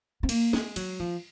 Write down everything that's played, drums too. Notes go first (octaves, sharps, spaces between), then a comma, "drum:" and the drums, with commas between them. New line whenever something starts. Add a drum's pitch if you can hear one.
C4
A#3, drum: cymbal
G#3, drum: snare
F#3, drum: cymbal
F3